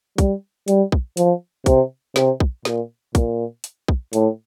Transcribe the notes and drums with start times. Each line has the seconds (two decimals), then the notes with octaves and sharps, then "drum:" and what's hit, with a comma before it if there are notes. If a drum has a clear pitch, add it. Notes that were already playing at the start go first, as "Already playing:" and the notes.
0.18 G3, drum: kick, hi-hat
0.68 G3, drum: hi-hat
0.92 drum: kick
1.17 F3, drum: hi-hat
1.66 C3, drum: kick, hi-hat
2.16 C3, drum: snare
2.40 drum: kick
2.65 A#2, drum: snare
3.15 A#2, drum: kick, hi-hat
3.64 drum: hi-hat
3.88 drum: kick
4.13 A2, drum: hi-hat